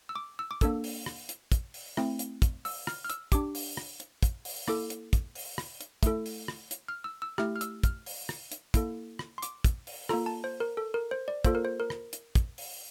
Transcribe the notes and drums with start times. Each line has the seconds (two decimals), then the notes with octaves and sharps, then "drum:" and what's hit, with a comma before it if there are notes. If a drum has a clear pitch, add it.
0.09 E6
0.15 D6
0.39 E6
0.51 D6
0.61 A#3 D4 A4 E6, drum: kick, hi-hat
0.84 drum: open hi-hat
1.06 drum: rim click
1.29 drum: hi-hat
1.52 drum: kick, hi-hat
1.74 drum: open hi-hat
1.97 A3 C4 E4, drum: rim click
2.19 drum: hi-hat
2.42 drum: kick, hi-hat
2.65 E6, drum: open hi-hat
2.87 F6, drum: rim click
3.04 F6
3.10 E6, drum: hi-hat
3.32 D4 G4 D6, drum: kick, hi-hat
3.55 drum: open hi-hat
3.77 drum: rim click
4.00 drum: hi-hat
4.23 drum: kick, hi-hat
4.45 drum: open hi-hat
4.68 A#3 E4 A4 D6, drum: rim click
4.90 drum: hi-hat
5.13 drum: kick, hi-hat
5.35 drum: open hi-hat
5.58 drum: rim click
5.81 drum: hi-hat
6.03 A3 E4 A4, drum: kick, hi-hat
6.26 drum: open hi-hat
6.48 drum: rim click
6.71 drum: hi-hat
6.88 F6
7.04 E6
7.22 E6
7.38 A3 E4 G4 F6, drum: rim click
7.56 F6
7.61 E6, drum: hi-hat
7.84 F6, drum: kick, hi-hat
8.06 drum: open hi-hat
8.29 drum: rim click
8.52 drum: hi-hat
8.74 A#3 E4 A4, drum: kick, hi-hat
9.19 drum: rim click
9.38 C6
9.42 D6, drum: hi-hat
9.64 drum: kick, hi-hat
9.87 drum: open hi-hat
10.09 A#3 F4 A4 A#5, drum: rim click
10.26 A5
10.44 C5
10.60 A#4
10.77 A4
10.94 A#4
11.11 C5
11.28 D5
11.45 A#3 F4 A4 C5, drum: kick, hi-hat
11.55 A#4
11.65 C5
11.80 A#4
11.90 drum: rim click
12.13 drum: hi-hat
12.35 drum: kick, hi-hat
12.58 drum: open hi-hat